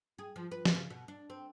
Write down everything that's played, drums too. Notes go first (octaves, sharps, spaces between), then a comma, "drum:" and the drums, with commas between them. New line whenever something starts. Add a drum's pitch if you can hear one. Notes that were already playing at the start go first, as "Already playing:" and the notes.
G#4
F3
B4
drum: snare
C#3
B2
D4
C4